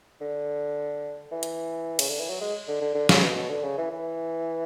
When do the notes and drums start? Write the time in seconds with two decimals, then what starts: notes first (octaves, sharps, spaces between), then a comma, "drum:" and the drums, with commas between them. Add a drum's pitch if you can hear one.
0.21 D3
1.32 E3
1.43 drum: hi-hat
1.99 C#3, drum: cymbal
2.08 D3
2.20 E3
2.29 F#3
2.41 G#3
2.68 D3
2.81 D3
2.95 D3
3.09 C#3, drum: snare
3.23 B2
3.35 B2
3.49 D3
3.63 C#3
3.78 E3
3.90 E3